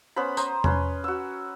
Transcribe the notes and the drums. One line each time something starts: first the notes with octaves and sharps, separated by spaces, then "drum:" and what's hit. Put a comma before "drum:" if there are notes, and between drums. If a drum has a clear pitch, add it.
B3 C#4 C5 B5
C5 A#5 D#6, drum: tambourine
C#4 B4 C6, drum: tom E2
F#4 E6